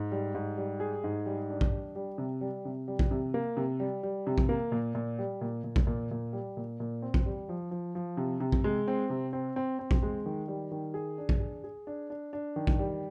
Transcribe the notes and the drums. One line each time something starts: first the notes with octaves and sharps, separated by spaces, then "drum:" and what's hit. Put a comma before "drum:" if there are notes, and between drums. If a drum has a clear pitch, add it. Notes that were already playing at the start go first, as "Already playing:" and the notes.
Already playing: G#2
G3
G#2
G3
G#4
G#2
G3
D4
drum: kick A#1
G3
G3
C3
G3
C3
G3
drum: kick A#1
C3
A#3
C3
G3
G3
C3
drum: kick A#1
A#3
A#2
A#2
G3
A#2
A#2
drum: kick A#1
A#2
A#2
G3
A#2
A#2
C4
drum: kick A#1
G3
F3
F3
F3
C3
C3
drum: kick A#1
G#3
C4
C3
C4
C4
C4
drum: kick A#1
G#3
D#3
G3
D#3
G#4
D4
drum: kick A#1
G#4
G#4
D4
D4
D4
D#3
drum: kick A#1
G3